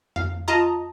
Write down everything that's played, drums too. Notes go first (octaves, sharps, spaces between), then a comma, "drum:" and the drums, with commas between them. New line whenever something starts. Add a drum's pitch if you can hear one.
F5, drum: tom F2
F4 D#5 A5 A#5 D#6